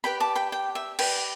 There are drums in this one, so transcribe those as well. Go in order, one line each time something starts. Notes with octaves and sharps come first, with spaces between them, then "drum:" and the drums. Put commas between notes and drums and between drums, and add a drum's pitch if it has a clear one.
G4 B4 D5 G5 B5
A5 D6
G5 B5
G5
E5
G4 B4 D5 G5, drum: cymbal